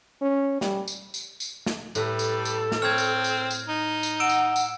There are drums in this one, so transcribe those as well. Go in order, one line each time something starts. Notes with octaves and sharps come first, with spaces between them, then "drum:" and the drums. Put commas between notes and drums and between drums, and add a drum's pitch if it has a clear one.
C#4
G3, drum: snare
drum: tambourine
drum: tambourine
drum: tambourine
drum: snare
A2 G3 A4 B4 A#5, drum: tambourine
drum: tambourine
drum: tambourine
drum: snare
C4 C#5 F6 G#6
drum: tambourine
drum: tambourine
drum: tambourine
D#4
drum: tambourine
F#5 E6 D7 E7
drum: tambourine
drum: tambourine